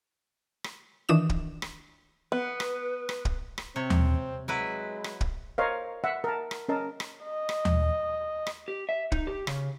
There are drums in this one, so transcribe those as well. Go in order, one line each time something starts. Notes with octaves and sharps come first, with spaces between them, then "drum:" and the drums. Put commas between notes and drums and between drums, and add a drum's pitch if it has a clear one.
drum: rim click
D#3 E3 D4 D#6 E7
drum: kick
drum: rim click
B3 B4
drum: rim click
drum: rim click
drum: kick
drum: rim click
C3 C4 C#5
drum: tom D#2
F#3 G#3 E4 B4
drum: rim click
drum: kick
A#4 C5 C#5 D#5 F5
E5 F#5
A#4 A5
drum: rim click
C#4 A#4 D#5 A5
drum: rim click
D#5
drum: rim click
drum: tom D#2
drum: rim click
G4
E5
D#4, drum: kick
G4
C#3, drum: rim click